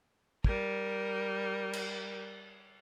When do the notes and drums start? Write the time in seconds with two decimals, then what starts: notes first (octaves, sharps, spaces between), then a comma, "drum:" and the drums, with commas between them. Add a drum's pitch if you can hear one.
0.44 G3 A#4, drum: kick
1.73 drum: cymbal